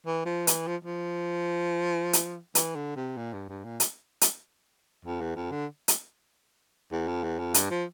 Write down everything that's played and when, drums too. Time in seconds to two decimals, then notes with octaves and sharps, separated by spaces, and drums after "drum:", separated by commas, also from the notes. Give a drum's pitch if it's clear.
0.06 E3
0.25 F3
0.47 E3, drum: hi-hat
0.67 F3
0.85 F3
2.13 drum: hi-hat
2.55 E3, drum: hi-hat
2.76 D3
2.96 C3
3.17 A#2
3.33 G2
3.49 G2
3.64 A#2
3.80 drum: hi-hat
4.21 drum: hi-hat
5.05 F2
5.21 E2
5.36 F2
5.52 D3
5.88 drum: hi-hat
6.92 E2
7.08 F2
7.23 E2
7.39 F2
7.54 G2, drum: hi-hat
7.70 F3